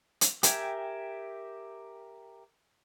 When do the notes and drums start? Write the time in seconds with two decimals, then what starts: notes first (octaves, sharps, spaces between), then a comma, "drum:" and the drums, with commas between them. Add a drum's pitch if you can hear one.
0.21 drum: hi-hat
0.43 G4 A#4 E5 G5 G#5, drum: hi-hat